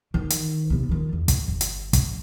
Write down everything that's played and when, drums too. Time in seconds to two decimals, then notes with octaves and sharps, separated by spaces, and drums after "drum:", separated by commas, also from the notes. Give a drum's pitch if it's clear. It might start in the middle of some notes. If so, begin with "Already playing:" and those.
0.14 D#3
0.30 drum: hi-hat
0.70 C3 B3
0.89 D#3 F4
1.13 E2
1.28 drum: kick, hi-hat
1.48 G1
1.61 drum: hi-hat
1.93 drum: kick, hi-hat